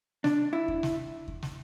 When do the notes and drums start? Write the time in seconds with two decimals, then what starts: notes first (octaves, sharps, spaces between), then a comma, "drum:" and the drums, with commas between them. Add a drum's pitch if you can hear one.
0.24 D4, drum: snare
0.53 E4
0.68 drum: kick E2
0.83 drum: snare
1.28 drum: kick E2
1.43 drum: snare